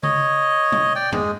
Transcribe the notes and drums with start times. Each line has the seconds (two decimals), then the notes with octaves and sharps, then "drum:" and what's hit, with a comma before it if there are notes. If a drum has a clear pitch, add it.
0.03 C#5 D#5, drum: tom C#3
0.72 drum: tom
0.96 D5 G5
1.12 G#3, drum: tom